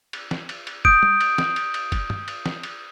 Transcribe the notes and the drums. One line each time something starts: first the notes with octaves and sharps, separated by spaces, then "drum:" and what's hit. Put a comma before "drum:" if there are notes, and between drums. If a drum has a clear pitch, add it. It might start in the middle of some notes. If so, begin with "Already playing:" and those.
drum: cymbal
drum: snare
drum: cymbal
drum: cymbal
D#6 G6 D7, drum: kick
drum: tom
drum: cymbal
drum: snare
drum: cymbal
drum: cymbal
drum: kick, cymbal
drum: tom
drum: cymbal
drum: snare
drum: cymbal